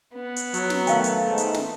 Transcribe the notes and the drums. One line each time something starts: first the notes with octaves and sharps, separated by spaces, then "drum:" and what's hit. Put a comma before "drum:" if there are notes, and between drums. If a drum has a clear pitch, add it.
B3
drum: hi-hat
F#3, drum: hi-hat
drum: snare
D#3 A3 A#4 F5 G5, drum: hi-hat
drum: hi-hat
G#2
drum: hi-hat
drum: snare